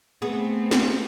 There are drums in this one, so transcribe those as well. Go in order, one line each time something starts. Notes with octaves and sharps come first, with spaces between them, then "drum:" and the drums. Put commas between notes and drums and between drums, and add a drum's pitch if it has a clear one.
A3 B3 C4 G#4
drum: snare